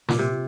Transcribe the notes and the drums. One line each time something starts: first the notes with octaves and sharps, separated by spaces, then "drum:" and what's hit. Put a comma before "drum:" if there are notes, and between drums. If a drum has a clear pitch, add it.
A#2, drum: snare
C3